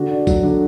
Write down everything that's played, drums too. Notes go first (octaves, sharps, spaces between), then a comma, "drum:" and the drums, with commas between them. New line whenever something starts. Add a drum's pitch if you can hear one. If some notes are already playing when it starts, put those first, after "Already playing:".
Already playing: D3 F#4
D4
F#3, drum: kick A#1, tambourine
D3